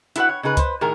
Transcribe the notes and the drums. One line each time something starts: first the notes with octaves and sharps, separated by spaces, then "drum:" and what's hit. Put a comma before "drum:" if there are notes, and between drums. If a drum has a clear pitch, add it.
E4 F#4 A4 B4 F#5, drum: hi-hat
C#5
C#3 D#4 G#4 B4
B4 C5, drum: kick C#2, hi-hat
A2 D#3 G#4 A#4